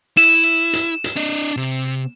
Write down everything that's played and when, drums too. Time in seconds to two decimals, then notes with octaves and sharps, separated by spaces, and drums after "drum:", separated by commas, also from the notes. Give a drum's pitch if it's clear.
0.17 E4 E7
0.73 drum: hi-hat
1.04 drum: hi-hat
1.16 D4 D#5
1.57 C3